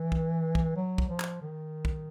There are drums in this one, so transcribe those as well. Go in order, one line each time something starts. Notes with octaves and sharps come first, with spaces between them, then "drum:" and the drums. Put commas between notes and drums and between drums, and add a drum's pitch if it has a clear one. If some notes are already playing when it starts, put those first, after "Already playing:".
Already playing: E3
drum: kick
drum: kick
F#3
drum: kick
F3
drum: clap
D#3
drum: kick